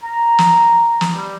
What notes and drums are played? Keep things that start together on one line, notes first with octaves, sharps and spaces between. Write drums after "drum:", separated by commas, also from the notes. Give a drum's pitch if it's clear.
A#5
drum: snare
drum: snare
G3